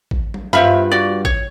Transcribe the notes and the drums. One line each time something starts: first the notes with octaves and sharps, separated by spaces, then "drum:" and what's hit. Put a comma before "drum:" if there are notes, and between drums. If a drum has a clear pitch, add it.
drum: kick A1
drum: tom F#3
G2 B3 F4 C5 E5 B5
F#4 D5
C#5, drum: kick A1